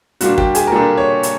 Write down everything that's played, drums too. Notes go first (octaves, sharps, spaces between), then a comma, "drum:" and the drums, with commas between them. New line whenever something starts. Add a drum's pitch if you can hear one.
A#2 G3 A#3 D4 F#4, drum: hi-hat
G4, drum: kick
G#4, drum: hi-hat
A#4
A#2 G3 A#3 D4 A4
C#5
drum: hi-hat